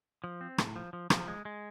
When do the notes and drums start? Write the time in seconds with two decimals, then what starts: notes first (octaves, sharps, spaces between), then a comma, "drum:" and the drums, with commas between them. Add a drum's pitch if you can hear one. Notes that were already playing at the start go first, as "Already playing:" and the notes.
0.24 F3
0.41 C4
0.58 A2, drum: rim click
0.76 F3
0.93 F3
1.10 F3, drum: rim click
1.28 G#3
1.45 G#3